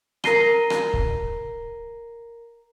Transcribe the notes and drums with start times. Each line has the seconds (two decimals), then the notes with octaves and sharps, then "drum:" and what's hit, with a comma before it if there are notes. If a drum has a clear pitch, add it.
0.24 A#4 A#5 A#6 C7 D#7 G7, drum: rim click
0.70 drum: rim click
0.94 drum: kick C#1